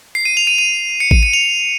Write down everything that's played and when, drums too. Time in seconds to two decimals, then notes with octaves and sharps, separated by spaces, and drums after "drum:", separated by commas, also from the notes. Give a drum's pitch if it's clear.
0.15 C7
0.25 D#7
0.37 F7
0.47 D#7
0.58 D#7
1.00 C#7
1.11 D#7, drum: kick A1
1.23 D#7
1.33 F7